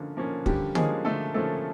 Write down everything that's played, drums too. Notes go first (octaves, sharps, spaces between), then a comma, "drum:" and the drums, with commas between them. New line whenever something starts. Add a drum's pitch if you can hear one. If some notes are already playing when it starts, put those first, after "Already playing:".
Already playing: D3 F3 A#3 C#4
F3 A#3 C#4
D3 G3 G4, drum: kick
F3 G#3 A#3 C#4 G#4, drum: tom
D3 A3 A4
F3 A3 A#3 C#4 A4